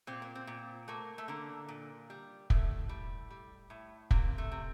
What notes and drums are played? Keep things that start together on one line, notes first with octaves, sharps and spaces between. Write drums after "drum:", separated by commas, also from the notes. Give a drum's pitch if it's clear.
A#2 C4
A#3
C4
A#2
A3 A#3
A3
D3 A#3
A#2
G3
A2 A3, drum: kick
G3
G3
A2
C3 A#3, drum: kick
A3
C3